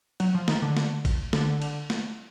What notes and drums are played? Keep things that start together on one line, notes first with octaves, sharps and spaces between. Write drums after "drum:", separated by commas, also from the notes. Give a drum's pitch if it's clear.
F#3, drum: cymbal
F3
D#3, drum: snare
D3
drum: snare
drum: kick A1, cymbal
D3, drum: snare
drum: cymbal
drum: snare